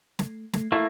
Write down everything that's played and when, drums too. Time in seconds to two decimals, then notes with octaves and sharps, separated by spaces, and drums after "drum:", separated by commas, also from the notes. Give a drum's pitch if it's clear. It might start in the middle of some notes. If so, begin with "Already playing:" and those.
0.19 A3, drum: snare
0.53 A3, drum: snare
0.72 A3 A#3 E4 C7